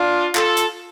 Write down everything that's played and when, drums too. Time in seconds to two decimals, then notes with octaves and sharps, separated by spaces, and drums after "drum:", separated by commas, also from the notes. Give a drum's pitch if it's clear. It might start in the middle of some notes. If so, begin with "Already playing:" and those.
Already playing: D4 F4
0.35 F4 A4, drum: clap
0.57 drum: hi-hat